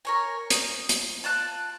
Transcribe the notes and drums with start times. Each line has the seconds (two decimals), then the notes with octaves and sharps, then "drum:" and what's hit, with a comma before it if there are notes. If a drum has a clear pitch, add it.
0.05 A#4 C#5 G#5
0.50 D#6, drum: hi-hat
0.89 drum: hi-hat
1.24 F4 D5 A5 F#6